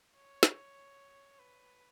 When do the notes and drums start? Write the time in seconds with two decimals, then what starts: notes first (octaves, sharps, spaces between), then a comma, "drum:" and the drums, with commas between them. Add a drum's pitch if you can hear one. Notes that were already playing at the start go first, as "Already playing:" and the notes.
0.16 C#5
0.43 drum: snare
1.39 B4